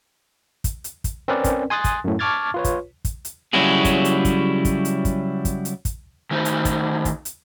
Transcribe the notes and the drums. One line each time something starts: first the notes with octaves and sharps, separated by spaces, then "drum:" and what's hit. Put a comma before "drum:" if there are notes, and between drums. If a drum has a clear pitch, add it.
drum: kick, hi-hat
drum: hi-hat
drum: kick, hi-hat
C4 C#4 A#4 B4 D5
drum: kick, hi-hat
G#5 C6 D#6 F#6 A6
drum: kick, hi-hat
F#2 A2
A5 C#6 D6 F6 G#6 A6
F4 B4 C#5
drum: kick, hi-hat
drum: kick, hi-hat
drum: hi-hat
C#3 F#3 G3 E4 F#4 G#4
drum: kick, hi-hat
drum: hi-hat
drum: kick, hi-hat
drum: kick, hi-hat
drum: hi-hat
drum: kick, hi-hat
drum: kick, hi-hat
drum: hi-hat
drum: kick, hi-hat
D#3 A3 D#4 C5
drum: hi-hat
drum: kick, hi-hat
drum: kick, hi-hat
drum: hi-hat